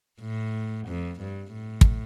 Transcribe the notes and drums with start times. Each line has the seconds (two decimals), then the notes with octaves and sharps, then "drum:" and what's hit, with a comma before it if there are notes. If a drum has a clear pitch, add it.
0.20 A2
0.88 F2
1.21 G2
1.54 A2
1.81 drum: kick